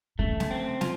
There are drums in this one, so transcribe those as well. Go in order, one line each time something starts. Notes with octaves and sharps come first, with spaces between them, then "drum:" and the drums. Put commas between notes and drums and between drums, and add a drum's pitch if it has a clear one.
C#3 A3
drum: snare
C4
F4, drum: snare